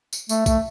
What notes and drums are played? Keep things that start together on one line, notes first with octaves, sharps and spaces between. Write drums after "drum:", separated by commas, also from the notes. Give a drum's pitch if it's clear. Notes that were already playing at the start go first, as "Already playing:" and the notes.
drum: tambourine
A3, drum: tambourine
A3, drum: kick, tambourine